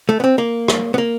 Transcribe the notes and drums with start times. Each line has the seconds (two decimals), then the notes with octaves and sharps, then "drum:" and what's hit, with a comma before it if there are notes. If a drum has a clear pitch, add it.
0.09 A3
0.20 B3
0.24 C4
0.38 A#3
0.68 drum: rim click
0.94 B3
0.98 A#3